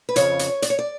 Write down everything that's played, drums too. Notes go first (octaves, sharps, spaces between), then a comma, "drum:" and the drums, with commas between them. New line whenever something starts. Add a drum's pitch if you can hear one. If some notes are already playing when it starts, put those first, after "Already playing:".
B4
F2 C#3 C#5, drum: hi-hat
drum: hi-hat
D5, drum: hi-hat
C#5
D5